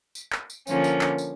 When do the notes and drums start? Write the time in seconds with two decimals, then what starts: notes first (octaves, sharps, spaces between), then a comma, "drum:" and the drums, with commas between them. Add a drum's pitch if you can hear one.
0.15 drum: tambourine
0.32 drum: clap
0.50 drum: tambourine
0.67 D3 F3 A#3 C#4, drum: tambourine
0.84 drum: tambourine
1.01 drum: clap
1.18 drum: tambourine